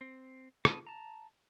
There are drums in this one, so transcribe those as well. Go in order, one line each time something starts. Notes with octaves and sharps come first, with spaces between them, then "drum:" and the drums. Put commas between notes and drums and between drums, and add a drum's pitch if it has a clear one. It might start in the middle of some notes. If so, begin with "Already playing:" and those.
C4
C4 G#4 B4 A5 D#6, drum: rim click
A5 A#5